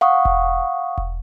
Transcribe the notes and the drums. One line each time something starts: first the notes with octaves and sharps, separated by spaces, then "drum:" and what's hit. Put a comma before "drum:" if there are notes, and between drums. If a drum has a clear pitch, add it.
F5 F#5 C#6 D#6
drum: kick E1
drum: kick E1